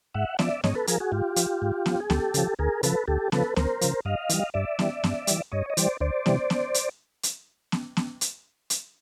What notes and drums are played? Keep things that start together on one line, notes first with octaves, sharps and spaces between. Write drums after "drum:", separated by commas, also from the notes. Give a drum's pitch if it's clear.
G#2 E5 F#5
F3 D5 E5, drum: snare B3
G#2 C#5 D#5, drum: snare B3
A4 B4
F3 G#4 A#4, drum: hi-hat
F#4 G#4
G#2 F4 G4
F3, drum: hi-hat
G#2
F3, drum: snare B3
G#4
D2 G4 A4, drum: snare B3
C#3 F3, drum: hi-hat
D2 G#4 A#4
C#3 F3 A4 B4, drum: hi-hat
D2 G4 A4
C#3 F3 A4 B4, drum: snare B3
D2 A#4 C5, drum: snare B3
C#3 F3, drum: hi-hat
G2 D#5 F5
E3 G3, drum: hi-hat
G2 D5 E5
E3 G3, drum: snare B3
G2, drum: snare B3
E3 G3, drum: hi-hat
G2 C#5 D#5
D#5
E3 G3 C5 D5, drum: hi-hat
D2 C5 D5
C3 E3 G3, drum: snare B3
drum: snare B3
drum: hi-hat
drum: hi-hat
drum: snare B3
drum: snare B3
drum: hi-hat
drum: hi-hat